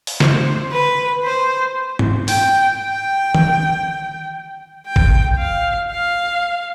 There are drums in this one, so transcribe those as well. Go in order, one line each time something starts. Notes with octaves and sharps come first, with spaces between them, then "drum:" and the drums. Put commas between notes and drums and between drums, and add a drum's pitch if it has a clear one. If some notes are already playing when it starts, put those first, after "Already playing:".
drum: open hi-hat
C5, drum: snare
B4
C5
drum: tom G#2
G5, drum: open hi-hat
G5
drum: tom D#3
G5
drum: kick
F5
F5